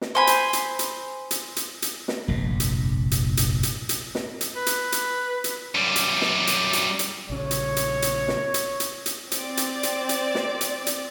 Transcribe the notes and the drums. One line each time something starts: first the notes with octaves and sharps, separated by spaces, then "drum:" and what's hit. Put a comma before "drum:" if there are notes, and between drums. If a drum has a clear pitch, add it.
drum: snare
C5 G#5 B5
drum: hi-hat
drum: hi-hat
drum: hi-hat
drum: hi-hat
drum: hi-hat
drum: hi-hat
drum: snare
F1 A#1 G2
drum: hi-hat
drum: hi-hat
drum: hi-hat
drum: hi-hat
drum: hi-hat
drum: snare
drum: hi-hat
B4
drum: hi-hat
drum: hi-hat
drum: hi-hat
F#2 G3
drum: hi-hat
drum: snare
drum: hi-hat
drum: hi-hat
drum: hi-hat
A#1 C#3 C#5
drum: hi-hat
drum: hi-hat
drum: hi-hat
drum: snare
drum: hi-hat
drum: hi-hat
drum: hi-hat
C4 D5, drum: hi-hat
drum: hi-hat
drum: hi-hat
drum: hi-hat
drum: snare
drum: hi-hat
drum: hi-hat